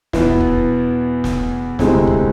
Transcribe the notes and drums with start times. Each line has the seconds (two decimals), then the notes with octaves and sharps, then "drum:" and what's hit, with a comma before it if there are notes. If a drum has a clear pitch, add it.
0.13 E2 B2 B3 E4, drum: snare
0.41 drum: kick
1.24 drum: snare
1.79 D2 C3 G#3 C4 E4, drum: snare
2.07 drum: kick